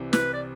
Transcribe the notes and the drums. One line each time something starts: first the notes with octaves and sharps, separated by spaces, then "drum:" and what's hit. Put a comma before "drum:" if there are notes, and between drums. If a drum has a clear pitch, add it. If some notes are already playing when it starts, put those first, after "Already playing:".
Already playing: C2 C3 E3
B4, drum: snare
D5